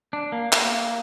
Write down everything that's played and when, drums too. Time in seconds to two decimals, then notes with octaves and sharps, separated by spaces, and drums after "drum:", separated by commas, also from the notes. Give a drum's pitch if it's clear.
0.13 D4
0.32 A#3
0.52 A#3, drum: clap